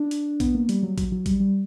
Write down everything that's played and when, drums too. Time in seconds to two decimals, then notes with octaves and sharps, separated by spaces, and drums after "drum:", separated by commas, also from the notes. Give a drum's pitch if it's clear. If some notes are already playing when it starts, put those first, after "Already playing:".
Already playing: D4
0.11 drum: hi-hat
0.40 B3, drum: kick A#1, hi-hat
0.55 A#3
0.69 G3, drum: hi-hat
0.83 F#3
0.98 F#3, drum: kick A#1, hi-hat
1.12 F#3
1.26 G3, drum: kick A#1, hi-hat
1.40 G3